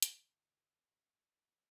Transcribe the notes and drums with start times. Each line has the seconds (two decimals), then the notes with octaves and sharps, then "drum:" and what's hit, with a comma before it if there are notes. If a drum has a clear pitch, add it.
0.03 G2 D3 E4, drum: hi-hat